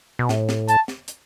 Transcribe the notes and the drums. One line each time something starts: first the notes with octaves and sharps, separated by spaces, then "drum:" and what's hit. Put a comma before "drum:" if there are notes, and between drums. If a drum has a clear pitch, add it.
B2
A2, drum: snare
drum: snare
A5, drum: hi-hat
drum: snare
drum: hi-hat